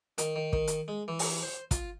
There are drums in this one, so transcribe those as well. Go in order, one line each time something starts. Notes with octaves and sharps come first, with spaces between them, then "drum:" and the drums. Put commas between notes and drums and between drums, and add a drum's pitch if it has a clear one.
D#3, drum: hi-hat
D#3
D#3, drum: kick
drum: hi-hat
G#3
E3
drum: open hi-hat
C5
F4, drum: kick, hi-hat